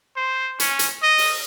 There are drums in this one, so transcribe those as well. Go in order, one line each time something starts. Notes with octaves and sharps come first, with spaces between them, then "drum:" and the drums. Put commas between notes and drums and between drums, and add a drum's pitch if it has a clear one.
C5
C#4, drum: hi-hat
drum: hi-hat
D#5
drum: open hi-hat